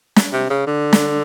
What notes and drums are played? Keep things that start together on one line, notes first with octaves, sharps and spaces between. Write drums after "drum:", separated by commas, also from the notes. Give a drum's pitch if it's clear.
drum: snare
C3
C#3
D3
drum: snare